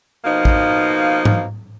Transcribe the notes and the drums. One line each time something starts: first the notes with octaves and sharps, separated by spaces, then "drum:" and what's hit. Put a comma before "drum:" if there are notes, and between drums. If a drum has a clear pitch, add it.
B2 F3 A#3 D#4
drum: kick A1
drum: tom G#2